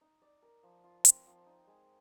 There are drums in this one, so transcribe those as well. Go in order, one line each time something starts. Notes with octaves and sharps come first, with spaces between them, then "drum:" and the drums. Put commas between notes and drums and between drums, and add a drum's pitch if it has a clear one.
D#4
D5
A#4
F3
F4
C4, drum: hi-hat
F3
D#4
G#3